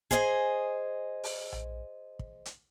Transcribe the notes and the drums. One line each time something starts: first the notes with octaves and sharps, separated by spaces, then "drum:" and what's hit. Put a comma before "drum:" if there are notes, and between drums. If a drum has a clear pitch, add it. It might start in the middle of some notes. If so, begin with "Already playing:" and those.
G#4 C5 D#5 F#5 G#5, drum: kick
drum: open hi-hat
drum: tom A#1
drum: kick
drum: hi-hat